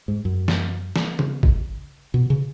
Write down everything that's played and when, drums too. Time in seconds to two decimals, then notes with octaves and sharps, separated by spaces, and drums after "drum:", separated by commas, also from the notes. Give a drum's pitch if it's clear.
0.08 G#2
0.25 F#2
0.48 drum: snare
0.96 drum: snare
1.19 C#3, drum: tom D#3
1.43 drum: kick G#1
2.14 B2
2.30 C#3